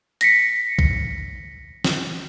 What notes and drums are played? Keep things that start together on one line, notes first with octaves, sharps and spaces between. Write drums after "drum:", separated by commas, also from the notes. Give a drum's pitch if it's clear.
A#6 B6 C#7, drum: hi-hat
drum: kick
drum: snare